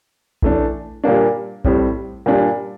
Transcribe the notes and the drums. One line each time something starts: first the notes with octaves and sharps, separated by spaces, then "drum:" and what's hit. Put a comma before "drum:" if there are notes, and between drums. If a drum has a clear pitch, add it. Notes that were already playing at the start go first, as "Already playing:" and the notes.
E3 A3 D4, drum: kick A#1
A#2 G3 A#3 D4
A2 G3 C4, drum: kick A#1
A#2 G3 D4